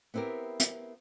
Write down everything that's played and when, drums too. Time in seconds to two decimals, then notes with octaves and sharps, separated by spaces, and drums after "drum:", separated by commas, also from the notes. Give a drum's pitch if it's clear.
0.14 B3 C4 E4 G4 A#4
0.60 drum: hi-hat